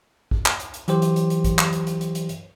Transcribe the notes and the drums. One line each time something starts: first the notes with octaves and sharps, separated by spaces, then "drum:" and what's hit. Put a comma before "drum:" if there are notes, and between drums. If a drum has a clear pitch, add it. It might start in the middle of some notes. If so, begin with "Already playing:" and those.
drum: kick
drum: clap
drum: hi-hat
drum: hi-hat
E3 F#3 G4 C5, drum: hi-hat
drum: hi-hat
drum: hi-hat
drum: hi-hat
drum: kick, hi-hat
drum: clap
drum: hi-hat
drum: hi-hat
drum: hi-hat
drum: hi-hat
drum: hi-hat